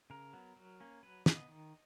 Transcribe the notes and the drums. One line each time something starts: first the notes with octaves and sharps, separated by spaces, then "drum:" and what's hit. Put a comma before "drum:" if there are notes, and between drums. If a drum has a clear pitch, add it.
C#3 A#4
F#3 B3
F#3
A#3 C#4
F#3 B4
B3 D#5, drum: snare
D#3